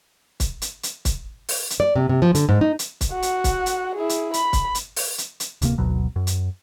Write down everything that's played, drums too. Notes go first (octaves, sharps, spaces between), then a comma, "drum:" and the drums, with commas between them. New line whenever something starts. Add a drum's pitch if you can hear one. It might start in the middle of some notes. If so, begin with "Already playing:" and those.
drum: kick, hi-hat
drum: hi-hat
drum: hi-hat
drum: kick, hi-hat
drum: open hi-hat
drum: hi-hat
D5
C3
C3
F3
D3, drum: hi-hat
G#2
D#4
drum: hi-hat
drum: kick, hi-hat
F#4 F#5
drum: hi-hat
drum: kick, hi-hat
drum: hi-hat
E4 G#4
drum: hi-hat
B5, drum: hi-hat
drum: kick, hi-hat
drum: hi-hat
drum: open hi-hat
drum: hi-hat
drum: hi-hat
D1 C3 A#3, drum: hi-hat
G#1 D2 B2 F#3
F#2
drum: hi-hat